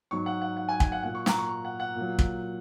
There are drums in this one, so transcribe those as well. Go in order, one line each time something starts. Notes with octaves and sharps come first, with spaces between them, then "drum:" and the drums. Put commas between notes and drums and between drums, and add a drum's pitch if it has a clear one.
G#2 F#3 C#6
F#5
F#5
F#5
G#5
G#5, drum: kick
F#5
A#2 F#3 F#5
C#6
A#5, drum: snare
C#6
C#6
F#5
F#5
A#2
F#3
drum: kick